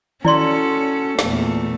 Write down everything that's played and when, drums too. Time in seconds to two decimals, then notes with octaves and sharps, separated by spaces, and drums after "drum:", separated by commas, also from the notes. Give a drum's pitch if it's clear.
0.25 C#4 E4 F#4 A4 D5 C6, drum: tom D#3
1.19 E2 A#2 A3, drum: snare